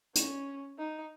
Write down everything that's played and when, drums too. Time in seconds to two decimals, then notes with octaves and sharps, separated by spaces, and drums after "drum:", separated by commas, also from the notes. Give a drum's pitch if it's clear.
0.15 C#4, drum: hi-hat
0.79 D#4